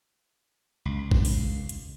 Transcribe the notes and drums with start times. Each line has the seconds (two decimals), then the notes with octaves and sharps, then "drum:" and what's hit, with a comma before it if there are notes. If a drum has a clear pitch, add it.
0.85 C#2
1.11 drum: kick A1
1.25 drum: open hi-hat
1.69 drum: hi-hat